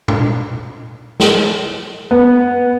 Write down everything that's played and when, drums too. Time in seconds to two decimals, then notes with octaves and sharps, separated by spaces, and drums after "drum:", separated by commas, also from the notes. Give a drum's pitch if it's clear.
0.08 drum: tom A#2
1.20 drum: snare
2.11 B3